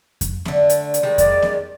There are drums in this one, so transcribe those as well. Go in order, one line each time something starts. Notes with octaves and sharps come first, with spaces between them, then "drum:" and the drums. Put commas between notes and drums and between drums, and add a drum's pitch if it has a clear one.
drum: kick F2, hi-hat
D3 A3, drum: snare
drum: hi-hat
drum: hi-hat
D#3 G3 G#3
D5, drum: kick F2, hi-hat
drum: snare